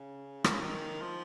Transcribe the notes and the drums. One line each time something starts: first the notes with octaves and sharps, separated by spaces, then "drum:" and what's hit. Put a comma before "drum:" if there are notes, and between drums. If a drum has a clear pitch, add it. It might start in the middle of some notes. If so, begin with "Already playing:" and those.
Already playing: C#3
D#3, drum: rim click
C#3
D#3
F3